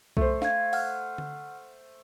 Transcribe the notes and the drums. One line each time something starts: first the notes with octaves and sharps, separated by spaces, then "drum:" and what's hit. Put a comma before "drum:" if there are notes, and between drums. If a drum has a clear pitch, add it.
A3 C5, drum: kick C2
F5 G#6, drum: snare
F#5 F6, drum: open hi-hat
drum: tom D3